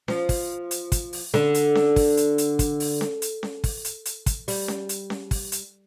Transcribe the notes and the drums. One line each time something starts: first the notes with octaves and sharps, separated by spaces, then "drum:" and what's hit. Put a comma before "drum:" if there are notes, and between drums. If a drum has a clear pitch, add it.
F3, drum: snare C#4
drum: kick, open hi-hat
drum: hi-hat
drum: kick, hi-hat
drum: open hi-hat
D3, drum: snare C#4
drum: hi-hat
drum: snare C#4
drum: kick, open hi-hat
drum: hi-hat
drum: hi-hat
drum: kick, hi-hat
drum: open hi-hat
drum: snare C#4
drum: hi-hat
drum: snare C#4
drum: kick, open hi-hat
drum: hi-hat
drum: hi-hat
drum: kick, hi-hat
G3, drum: open hi-hat
drum: snare C#4
drum: hi-hat
drum: snare C#4
drum: kick, open hi-hat
drum: hi-hat